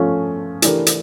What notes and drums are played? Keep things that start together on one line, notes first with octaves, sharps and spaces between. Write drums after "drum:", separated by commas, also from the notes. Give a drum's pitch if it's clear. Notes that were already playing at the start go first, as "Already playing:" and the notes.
Already playing: F3 A3 C#4
E3 A3 D4 G4 A#4, drum: hi-hat
drum: hi-hat